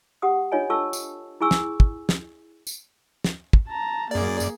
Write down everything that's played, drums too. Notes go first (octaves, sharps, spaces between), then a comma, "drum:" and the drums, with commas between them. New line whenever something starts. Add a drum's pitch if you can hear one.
G4 F#5 D#6
D4 F4 C#5 D#5 G#5
F4 A4 A5 C#6 E6
drum: tambourine
E4 G#4 G#5 C#6 E6
drum: snare
drum: kick
drum: snare
drum: tambourine
drum: snare
drum: kick
A5 A#5
F#2 A#3 G#4 D5
drum: tambourine